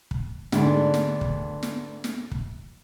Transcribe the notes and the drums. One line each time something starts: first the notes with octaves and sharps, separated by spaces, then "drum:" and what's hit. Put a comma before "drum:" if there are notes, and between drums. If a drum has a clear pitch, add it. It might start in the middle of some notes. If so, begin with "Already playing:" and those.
drum: kick
D2 G#2 B3 D4, drum: snare
drum: snare
drum: kick
drum: snare
drum: snare
drum: kick